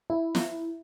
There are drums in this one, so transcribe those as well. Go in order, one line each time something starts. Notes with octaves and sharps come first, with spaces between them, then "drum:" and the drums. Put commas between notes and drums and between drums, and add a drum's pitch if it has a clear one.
E4
drum: snare